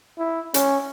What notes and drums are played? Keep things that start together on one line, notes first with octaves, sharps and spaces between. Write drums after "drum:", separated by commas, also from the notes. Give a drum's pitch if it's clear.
E4
C#4, drum: hi-hat